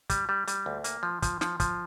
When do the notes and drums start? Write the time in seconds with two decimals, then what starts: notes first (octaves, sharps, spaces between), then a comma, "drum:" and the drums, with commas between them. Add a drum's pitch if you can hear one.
0.10 G3, drum: kick, hi-hat
0.29 G3
0.48 G3, drum: hi-hat
0.66 D2
0.84 A#3, drum: hi-hat
1.03 F3
1.22 F3, drum: kick, hi-hat
1.41 F3, drum: snare
1.60 F3, drum: kick, hi-hat